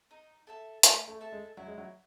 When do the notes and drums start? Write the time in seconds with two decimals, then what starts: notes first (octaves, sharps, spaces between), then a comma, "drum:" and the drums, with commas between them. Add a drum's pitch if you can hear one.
0.11 D#4
0.47 A4 E5 A5
0.83 A3 E4, drum: hi-hat
1.08 A3
1.21 A4 E5 A5
1.32 G#3
1.57 F#3 E4
1.67 G#3
1.78 F#3